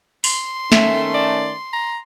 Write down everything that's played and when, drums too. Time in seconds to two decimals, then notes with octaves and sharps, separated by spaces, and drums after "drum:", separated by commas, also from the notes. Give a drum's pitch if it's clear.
0.24 C6, drum: open hi-hat
0.72 D#3 A3 C#4 E5, drum: snare
1.14 D5
1.73 A#5